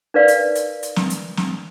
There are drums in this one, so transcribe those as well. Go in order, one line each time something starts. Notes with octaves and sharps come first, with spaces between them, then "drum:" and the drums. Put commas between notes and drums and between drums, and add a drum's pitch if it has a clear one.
D#4 A#4 B4 D5 F5
drum: hi-hat
drum: hi-hat
drum: hi-hat
drum: snare
drum: hi-hat
drum: snare